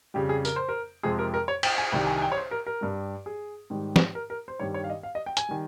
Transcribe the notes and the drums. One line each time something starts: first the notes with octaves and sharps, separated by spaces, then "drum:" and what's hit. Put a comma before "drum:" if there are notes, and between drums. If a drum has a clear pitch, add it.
F2 C#3 G3 G4
G#4
A#4, drum: tambourine
C5
A#4
F2 C3 F3 G#3 G#4
A#4
A#4
C#5
G5, drum: cymbal
G#5
C2 C3 D#3 G3 G5
G#5
G#5
G5
C#5
C5
A#4
A#4
G2 G3
G#4
G#2 D#3 G3
drum: snare
A#4
A#4
C5
G2 D#3 G3 C#5
C#5
F5
D#5
F5
D#5
G5
G#5, drum: hi-hat
D#3 G3